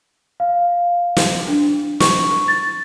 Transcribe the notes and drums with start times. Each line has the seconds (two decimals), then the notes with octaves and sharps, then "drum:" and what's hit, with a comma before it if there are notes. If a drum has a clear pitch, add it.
0.40 F5
1.17 drum: snare
1.48 D4
2.00 C#6, drum: snare
2.48 A6